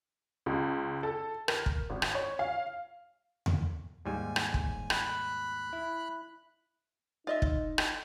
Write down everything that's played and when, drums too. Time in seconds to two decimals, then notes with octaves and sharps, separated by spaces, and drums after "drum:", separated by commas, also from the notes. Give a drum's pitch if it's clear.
0.46 C#2
1.03 A4
1.48 A#4, drum: rim click
1.66 drum: kick
1.90 G#1
2.02 drum: rim click
2.15 C#5
2.39 F5
3.46 drum: tom E2
4.05 D#2 G#2 G3 G#5
4.36 drum: rim click
4.54 drum: kick
4.90 B5 F#6, drum: rim click
5.73 E4
7.27 D#4 F4 D#5 E5
7.42 drum: kick
7.78 drum: rim click